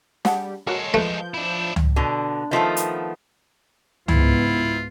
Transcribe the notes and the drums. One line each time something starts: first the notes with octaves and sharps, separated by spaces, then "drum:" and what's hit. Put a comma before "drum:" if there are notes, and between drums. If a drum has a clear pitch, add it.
G3 G4 G#4 F#5 A5, drum: snare
G#3 F#4 A4 A#4 C#5
F3 A3 B4 G6
D4 E4
drum: tom C#2
B2 D3
D#3 F3 A3 B3
drum: hi-hat
C#2 G#2 B3 E4 F4, drum: tom C#2